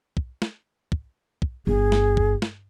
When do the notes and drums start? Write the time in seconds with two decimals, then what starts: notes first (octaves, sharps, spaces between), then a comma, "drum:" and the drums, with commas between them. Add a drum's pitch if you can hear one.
0.17 drum: kick
0.42 drum: snare
0.92 drum: kick
1.42 drum: kick
1.67 G1 G#4
1.92 drum: snare
2.17 drum: kick
2.42 drum: snare